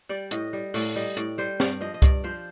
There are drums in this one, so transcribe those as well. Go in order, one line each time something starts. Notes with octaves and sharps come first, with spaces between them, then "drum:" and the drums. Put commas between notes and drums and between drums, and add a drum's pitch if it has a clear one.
G3 D5
A2 D#5, drum: hi-hat
G3
A2 D5, drum: open hi-hat
G3 D#5
A2 D5, drum: hi-hat
G3 C5
G2 D5, drum: snare
F3 D#5
D#5
G2 D5, drum: kick C2, hi-hat
F3 C5